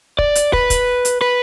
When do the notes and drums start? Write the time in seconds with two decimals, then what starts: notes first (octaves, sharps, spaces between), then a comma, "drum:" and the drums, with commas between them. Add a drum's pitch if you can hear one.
0.19 D5, drum: kick
0.35 drum: hi-hat
0.53 B4, drum: kick
0.70 drum: kick, hi-hat
1.05 drum: hi-hat
1.21 B4